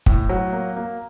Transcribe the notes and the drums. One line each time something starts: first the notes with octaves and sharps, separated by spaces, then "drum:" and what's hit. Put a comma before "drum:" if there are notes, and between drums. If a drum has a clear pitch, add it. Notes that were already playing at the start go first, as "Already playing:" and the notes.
A2, drum: kick
F#3
A#3
A#3